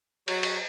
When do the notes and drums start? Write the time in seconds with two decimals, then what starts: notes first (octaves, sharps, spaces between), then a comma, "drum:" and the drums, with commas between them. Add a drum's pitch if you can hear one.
0.28 F#3, drum: cymbal
0.43 drum: cymbal